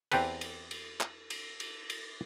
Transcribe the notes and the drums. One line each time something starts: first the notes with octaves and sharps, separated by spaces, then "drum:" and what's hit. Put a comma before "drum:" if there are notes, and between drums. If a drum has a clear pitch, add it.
E2 C4 G4 A4 B4, drum: cymbal
drum: cymbal
drum: cymbal
drum: clap
drum: cymbal
drum: cymbal
drum: cymbal